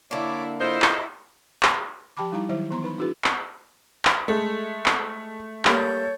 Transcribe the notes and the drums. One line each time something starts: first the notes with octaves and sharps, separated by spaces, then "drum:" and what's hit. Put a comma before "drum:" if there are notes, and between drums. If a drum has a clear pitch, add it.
D3 A#3 E4 C#5 D5 D6
E4 F4 A4 C5 D#5
drum: clap
drum: clap
F3 G4 G5 A5 B5 D6
G3 D#4 E4 F5 A#5
D#3 F#3 E4 C5 E5
E3 B3 A#5 C6
D#4 B4 B5
D4 E4 F#4 G#4 B4
drum: clap
drum: clap
G#3 A3 A4
drum: clap
G3 A#3 A4 C#5 G6, drum: clap